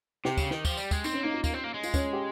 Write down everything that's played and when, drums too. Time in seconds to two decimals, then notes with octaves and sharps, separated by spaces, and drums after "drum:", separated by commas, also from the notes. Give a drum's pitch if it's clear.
0.25 C3 G4, drum: snare
0.37 C#3, drum: kick, tambourine
0.51 D#3, drum: snare
0.65 F3, drum: kick, tambourine
0.77 G3, drum: tambourine
0.91 G#3, drum: kick, tambourine
1.04 C4 D#4, drum: tambourine
1.14 C#4
1.23 A#3 D#4
1.34 F4
1.44 A#3, drum: kick, tambourine
1.54 C4
1.64 A#3
1.74 G#3
1.84 F4, drum: tambourine
1.94 C#4, drum: kick, tambourine
2.13 G4